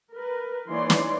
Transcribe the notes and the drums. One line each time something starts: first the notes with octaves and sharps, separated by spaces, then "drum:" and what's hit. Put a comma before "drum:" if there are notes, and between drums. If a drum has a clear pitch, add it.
A#4 B4
E3 A#3 D#4 C#5 D5 C6
drum: snare